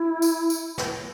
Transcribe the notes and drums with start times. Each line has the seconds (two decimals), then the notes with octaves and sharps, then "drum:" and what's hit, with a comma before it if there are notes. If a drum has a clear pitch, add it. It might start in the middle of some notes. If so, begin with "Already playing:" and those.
Already playing: E4
0.22 drum: tambourine
0.50 drum: tambourine
0.78 drum: snare